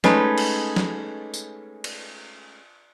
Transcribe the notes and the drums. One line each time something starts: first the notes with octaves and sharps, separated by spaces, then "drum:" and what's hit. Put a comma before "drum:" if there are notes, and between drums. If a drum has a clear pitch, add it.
G#3 A3 C#4 D#4 B4, drum: snare
drum: cymbal
drum: snare
drum: tambourine
drum: cymbal